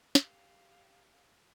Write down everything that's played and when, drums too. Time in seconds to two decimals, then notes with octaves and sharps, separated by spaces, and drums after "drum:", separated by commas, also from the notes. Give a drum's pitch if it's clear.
0.15 G4 F5, drum: snare